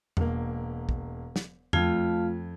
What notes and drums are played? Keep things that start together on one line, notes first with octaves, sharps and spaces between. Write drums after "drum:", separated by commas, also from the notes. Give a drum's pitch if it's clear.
E1 A#3, drum: tom E2
drum: kick
drum: snare
F2 A3 F4 F5 G#6, drum: tom E2